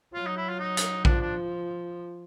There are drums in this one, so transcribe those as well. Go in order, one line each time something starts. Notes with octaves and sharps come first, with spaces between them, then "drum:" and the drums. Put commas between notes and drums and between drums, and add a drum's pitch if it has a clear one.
F#3 F4
D#4
E4
F4
D#4
drum: hi-hat
F3 D4, drum: kick A#1
D4